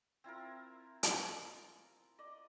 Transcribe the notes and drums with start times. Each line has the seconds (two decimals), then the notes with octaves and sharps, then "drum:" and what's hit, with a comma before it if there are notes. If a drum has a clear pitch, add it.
0.24 C4 E4 F4 A#4
1.03 drum: hi-hat
2.19 D5 D#5